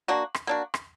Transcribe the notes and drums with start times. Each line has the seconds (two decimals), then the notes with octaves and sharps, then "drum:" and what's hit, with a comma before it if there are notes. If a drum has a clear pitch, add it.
0.08 A#3 D4 F#4
0.34 drum: rim click
0.47 A#3 D4 F#4
0.74 drum: rim click